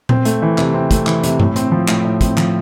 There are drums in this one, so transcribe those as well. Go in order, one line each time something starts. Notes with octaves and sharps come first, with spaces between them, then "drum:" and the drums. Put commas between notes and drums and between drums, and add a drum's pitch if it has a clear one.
C4, drum: tom A#2
A3, drum: hi-hat
E3
C3, drum: clap
C4
A3, drum: kick, hi-hat
E3, drum: clap
C3, drum: hi-hat
A2, drum: tom G2
C4, drum: hi-hat
F3
A2, drum: clap
A2
C4, drum: kick, hi-hat
F3, drum: clap